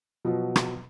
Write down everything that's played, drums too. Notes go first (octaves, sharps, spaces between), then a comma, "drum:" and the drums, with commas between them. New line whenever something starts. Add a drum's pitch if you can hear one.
B2 F3 F#3
drum: rim click